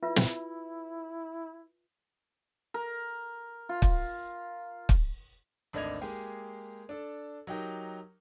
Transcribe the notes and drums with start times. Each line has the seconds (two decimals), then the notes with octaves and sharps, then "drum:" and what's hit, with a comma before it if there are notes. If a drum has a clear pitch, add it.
0.03 E4 F4 B4 E5
0.16 drum: snare
2.74 A#4
3.69 F4
3.82 drum: kick
4.89 drum: kick
5.73 G#1 D2 D4 D#5 G#6 F7
6.02 G#3 A#3 G4 G#4
6.89 D4 A4
7.47 F#3 D#4 G4 A#4